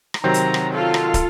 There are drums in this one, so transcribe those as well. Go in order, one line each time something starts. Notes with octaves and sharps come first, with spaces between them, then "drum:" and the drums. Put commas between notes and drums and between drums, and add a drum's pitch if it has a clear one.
drum: rim click
C3 D#3 F#3 C4 A#5
drum: hi-hat
drum: rim click
F4 A4
drum: rim click
drum: kick, hi-hat